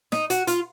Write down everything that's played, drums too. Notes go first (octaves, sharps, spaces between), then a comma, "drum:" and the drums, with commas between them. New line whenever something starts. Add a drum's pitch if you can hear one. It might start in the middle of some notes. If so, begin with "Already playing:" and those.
D#4, drum: snare
F#4, drum: hi-hat
F4, drum: hi-hat